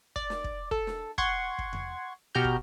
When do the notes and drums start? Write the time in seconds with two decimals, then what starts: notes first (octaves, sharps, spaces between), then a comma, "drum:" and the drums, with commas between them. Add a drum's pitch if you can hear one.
0.16 D5, drum: kick
0.30 drum: snare
0.44 drum: kick
0.71 A4, drum: kick
0.87 drum: snare
1.18 F#5 C6 C#6 G#6, drum: kick
1.58 drum: kick
1.73 drum: tom E2
2.35 B2 F#4 G4 A#5 F6 G6
2.44 drum: kick